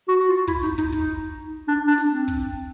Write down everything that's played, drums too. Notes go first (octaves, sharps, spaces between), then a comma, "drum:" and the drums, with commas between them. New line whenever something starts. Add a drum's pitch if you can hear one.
F#4
F#4
F4
E4, drum: kick
D#4, drum: snare
D#4, drum: kick
D#4, drum: kick
D4
D4
drum: snare
C4
drum: kick